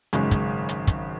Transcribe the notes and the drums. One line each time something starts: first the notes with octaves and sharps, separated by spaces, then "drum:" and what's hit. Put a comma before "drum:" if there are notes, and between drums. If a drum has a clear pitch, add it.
G#1 F#2 C#3 G#3, drum: hi-hat
drum: kick, hi-hat
drum: hi-hat
drum: kick, hi-hat